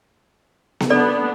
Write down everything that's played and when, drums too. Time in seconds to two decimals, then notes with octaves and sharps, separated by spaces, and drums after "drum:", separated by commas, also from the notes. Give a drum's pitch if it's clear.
0.80 drum: snare B3
0.90 B3 D4 A4 D5